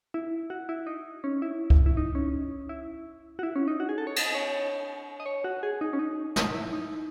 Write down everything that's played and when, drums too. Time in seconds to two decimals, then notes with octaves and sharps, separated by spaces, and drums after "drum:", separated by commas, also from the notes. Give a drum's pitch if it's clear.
0.14 E4
0.50 F#4
0.69 E4
0.87 D#4
1.24 C#4
1.42 E4
1.70 drum: kick
1.86 E4
1.97 D#4
2.15 C#4
2.69 E4
3.39 F#4
3.43 E4
3.56 C#4
3.68 D#4
3.80 F#4
3.89 G#4
3.98 A4
4.07 C#5
4.16 D#5, drum: cymbal
4.35 C#5
5.20 D#5
5.26 C#5
5.44 F#4
5.63 G#4
5.81 D#4
5.93 C#4
5.99 D#4
6.36 D#4, drum: snare
6.54 E4
6.73 D#4